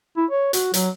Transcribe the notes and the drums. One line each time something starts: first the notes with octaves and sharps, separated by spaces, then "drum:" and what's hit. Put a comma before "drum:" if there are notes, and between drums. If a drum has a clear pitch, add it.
E4
C#5
F#4, drum: hi-hat
F#3, drum: hi-hat